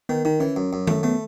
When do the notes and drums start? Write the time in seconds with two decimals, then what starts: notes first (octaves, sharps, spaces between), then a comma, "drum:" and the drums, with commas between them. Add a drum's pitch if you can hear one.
0.09 D#3 B3
0.25 D#3 D#4
0.40 E3 C#4
0.56 F#2
0.73 F#2
0.87 A3, drum: tom D#3
1.03 A3 B3